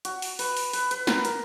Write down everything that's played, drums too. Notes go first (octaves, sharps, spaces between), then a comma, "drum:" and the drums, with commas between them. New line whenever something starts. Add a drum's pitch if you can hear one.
F#4, drum: hi-hat
drum: open hi-hat
B4, drum: open hi-hat
drum: open hi-hat
B4, drum: open hi-hat
B4, drum: hi-hat
A#4, drum: snare
A#4, drum: hi-hat